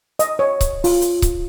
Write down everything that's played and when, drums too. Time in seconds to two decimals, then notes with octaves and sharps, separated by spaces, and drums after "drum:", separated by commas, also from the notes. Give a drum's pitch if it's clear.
0.19 D#5, drum: hi-hat
0.39 C#5
0.61 drum: kick C#1, hi-hat
0.84 F4, drum: open hi-hat
1.02 drum: hi-hat
1.22 drum: kick C#1, hi-hat